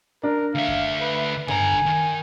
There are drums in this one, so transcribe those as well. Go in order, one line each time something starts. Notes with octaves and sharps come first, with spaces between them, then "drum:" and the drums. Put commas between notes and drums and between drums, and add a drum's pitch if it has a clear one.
D4 A#4
D2 E5 F5
drum: kick F#2
B4
D3 G#5 A#5, drum: tom G2
drum: kick F#2
D#3